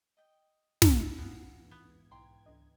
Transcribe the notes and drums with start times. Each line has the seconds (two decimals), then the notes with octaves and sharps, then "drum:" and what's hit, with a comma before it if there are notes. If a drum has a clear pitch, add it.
0.17 D#5 G5
0.82 drum: snare
1.18 G#2 E3 B3 F5 F#5 G#5 G#6
1.71 B3
2.11 B1 G5 A#5 C6
2.46 C#2 D3 D#5